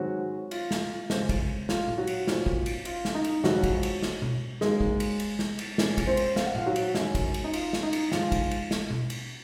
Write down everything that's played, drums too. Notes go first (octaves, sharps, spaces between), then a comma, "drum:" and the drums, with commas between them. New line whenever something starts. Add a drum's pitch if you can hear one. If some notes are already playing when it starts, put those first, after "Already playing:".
Already playing: G#2 D#3 F#3 G#3 C4 F#4
F4, drum: cymbal
drum: snare
F#2 C#3 G#3 C4, drum: snare
drum: kick, cymbal
F4, drum: snare
drum: tom A#2
F#3 F#4
drum: cymbal
A#2 F#3 C4, drum: snare
drum: kick
drum: cymbal
F4, drum: cymbal
drum: snare
D#4
drum: cymbal
F2 C3 F3 F#3 G#3 F#4, drum: snare
drum: kick, cymbal
drum: cymbal
drum: snare
drum: tom B2
G#2 F#3 G#3 A#3 G#4, drum: snare
drum: kick
drum: cymbal
drum: cymbal
drum: snare
drum: cymbal
A#2 G#3 C#4, drum: snare
drum: kick, cymbal
C4 C5
drum: cymbal
F5, drum: snare
F#5
F4 F5, drum: tom A#2
F#3 F#4
drum: cymbal
F#2 D#3 G#3 C#4, drum: snare
drum: kick, cymbal
drum: cymbal
D#4
F4, drum: cymbal
drum: snare
D#4
drum: cymbal
G#2 F3 G#3 F4, drum: snare
drum: kick, cymbal
drum: cymbal
drum: snare
drum: tom B2
drum: cymbal